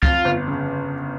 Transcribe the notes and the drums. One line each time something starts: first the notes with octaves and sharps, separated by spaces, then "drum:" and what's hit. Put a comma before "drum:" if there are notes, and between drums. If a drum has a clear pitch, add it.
F2 F4, drum: kick C#2
G1
C#3